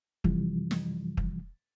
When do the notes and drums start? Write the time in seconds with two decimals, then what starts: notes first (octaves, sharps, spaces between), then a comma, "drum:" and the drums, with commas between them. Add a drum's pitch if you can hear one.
0.24 F#2 C3 E3 F3 G3, drum: kick
0.71 drum: snare
1.17 drum: kick